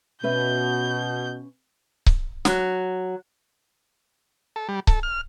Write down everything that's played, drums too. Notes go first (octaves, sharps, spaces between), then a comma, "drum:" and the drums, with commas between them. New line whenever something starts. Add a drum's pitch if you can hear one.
B2 C#4 B4 E5 G6
drum: kick C#1
F#3, drum: snare
A4
G3
A4, drum: kick C#1
F6